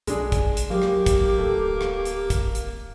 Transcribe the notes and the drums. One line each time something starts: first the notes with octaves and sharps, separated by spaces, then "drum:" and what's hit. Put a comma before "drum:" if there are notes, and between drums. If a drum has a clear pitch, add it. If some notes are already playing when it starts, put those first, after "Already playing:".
B1 G#3 D4 G#4, drum: hi-hat
drum: kick, hi-hat
drum: hi-hat
F#3 A#3 G4
drum: rim click
drum: kick, hi-hat
D1 A3
drum: rim click
drum: hi-hat
drum: kick, hi-hat
drum: hi-hat